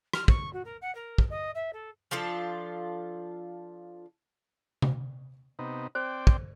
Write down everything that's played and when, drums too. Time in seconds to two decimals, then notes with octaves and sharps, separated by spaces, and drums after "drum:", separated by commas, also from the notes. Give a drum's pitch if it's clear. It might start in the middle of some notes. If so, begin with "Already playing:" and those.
0.13 F6, drum: rim click
0.28 C#6, drum: kick
0.53 F#4
0.65 A#4
0.81 F#5
0.95 A#4
1.18 drum: kick
1.30 D#5
1.55 E5
1.73 A4
2.11 F3 D4 F4 A4
4.82 drum: tom C3
5.59 C3 B3 D#4
5.95 C4 C5 D5 G5
6.27 drum: kick